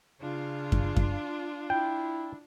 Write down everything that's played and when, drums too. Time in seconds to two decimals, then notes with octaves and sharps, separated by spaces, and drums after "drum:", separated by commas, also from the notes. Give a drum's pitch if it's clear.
0.21 C#3 D4 F4
0.72 drum: kick F#2
0.97 drum: kick F#2
1.70 E4 G5